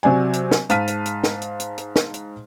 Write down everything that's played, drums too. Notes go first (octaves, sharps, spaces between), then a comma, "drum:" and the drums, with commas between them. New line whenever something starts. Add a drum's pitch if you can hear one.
C3 F#3 D5 G#5
drum: hi-hat
drum: snare
G#2 F5 A5 F6 B6 D#7, drum: hi-hat
drum: hi-hat
drum: hi-hat
drum: snare
drum: hi-hat
drum: hi-hat
drum: hi-hat
drum: snare
drum: hi-hat